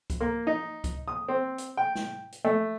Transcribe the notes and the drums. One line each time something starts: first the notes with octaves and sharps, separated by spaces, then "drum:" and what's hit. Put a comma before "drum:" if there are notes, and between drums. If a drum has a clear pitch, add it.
drum: kick C#2, hi-hat
A#3
D#4
drum: kick C#2, hi-hat
D#6
C4
drum: hi-hat
G5
drum: snare
drum: hi-hat
A3